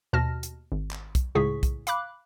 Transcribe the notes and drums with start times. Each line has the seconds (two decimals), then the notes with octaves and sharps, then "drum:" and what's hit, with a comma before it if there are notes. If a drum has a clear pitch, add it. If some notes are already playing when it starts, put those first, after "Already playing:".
0.13 D#2 B2 A5 F6 A#6
0.43 drum: hi-hat
0.72 G#1
0.91 drum: clap
1.15 drum: kick, hi-hat
1.35 C#2 A2 C#3 G#4 C#6 B6
1.63 drum: kick, hi-hat
1.87 F5 B5 D6 F#6, drum: hi-hat